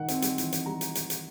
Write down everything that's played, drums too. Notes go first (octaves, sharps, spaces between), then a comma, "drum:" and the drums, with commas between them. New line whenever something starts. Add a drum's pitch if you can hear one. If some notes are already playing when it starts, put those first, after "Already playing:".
Already playing: D#3 F#5
C4, drum: hi-hat
G3, drum: hi-hat
E3, drum: hi-hat
C4, drum: hi-hat
G3 A#5
drum: hi-hat
drum: hi-hat
drum: hi-hat